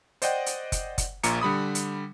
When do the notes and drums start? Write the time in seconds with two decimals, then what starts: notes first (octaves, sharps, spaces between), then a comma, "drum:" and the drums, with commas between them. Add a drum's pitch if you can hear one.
0.22 C5 D5 D#5 F#5 G5, drum: hi-hat
0.46 drum: hi-hat
0.72 drum: kick F#1, hi-hat
0.98 drum: kick F#1, hi-hat
1.23 A#1 A#2 A#5 C#7, drum: hi-hat
1.41 D3 G3 B5 D#6
1.75 drum: hi-hat